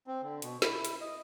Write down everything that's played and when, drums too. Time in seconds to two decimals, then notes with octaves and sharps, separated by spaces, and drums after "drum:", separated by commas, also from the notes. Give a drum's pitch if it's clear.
0.07 C4
0.22 D3
0.42 B2, drum: hi-hat
0.62 E4, drum: snare
0.85 drum: hi-hat
1.01 D#5